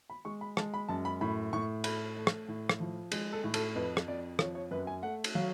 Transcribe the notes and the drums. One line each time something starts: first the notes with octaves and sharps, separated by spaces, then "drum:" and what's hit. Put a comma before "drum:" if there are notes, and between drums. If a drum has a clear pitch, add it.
B5
G#3 C#6
B5
G#3 A5, drum: rim click
B5
F#2 A5
B5
A2 B5
A2 C#6
A3 B5, drum: cymbal
A3
drum: rim click
A2
drum: rim click
F3
G#3, drum: cymbal
A4
A2
A4, drum: cymbal
F2 B4
drum: rim click
F2 D5
F3 C#5, drum: rim click
C#5
F#2 B4
G#5
A3 F#5
drum: cymbal
F#3 F5